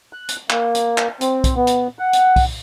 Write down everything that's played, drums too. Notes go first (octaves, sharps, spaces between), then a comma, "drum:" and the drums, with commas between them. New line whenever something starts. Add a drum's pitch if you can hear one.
F#6
drum: hi-hat
A#3, drum: clap
drum: hi-hat
drum: clap
C4, drum: hi-hat
drum: kick B1, hi-hat
B3
drum: hi-hat
F#5
drum: hi-hat
drum: kick B1, open hi-hat